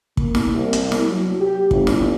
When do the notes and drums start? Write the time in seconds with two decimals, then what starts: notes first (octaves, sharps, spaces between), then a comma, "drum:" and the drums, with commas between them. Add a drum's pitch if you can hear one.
0.17 A#3, drum: kick
0.35 drum: snare
0.54 C2
0.73 drum: hi-hat
0.92 drum: snare
1.08 F#3
1.41 G4
1.71 G1, drum: kick
1.87 drum: snare